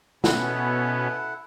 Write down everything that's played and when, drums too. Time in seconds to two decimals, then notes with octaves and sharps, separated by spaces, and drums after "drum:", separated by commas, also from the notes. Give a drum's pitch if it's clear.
0.24 B2 B3 C#4 E4 A4 F#5, drum: snare